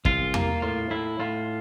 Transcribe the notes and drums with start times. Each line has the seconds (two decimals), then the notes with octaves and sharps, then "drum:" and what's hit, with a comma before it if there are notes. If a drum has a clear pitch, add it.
0.05 C2 F4, drum: kick
0.34 A#3, drum: tom E2
0.62 A2 F4
0.90 A2 E4
1.20 A2 F4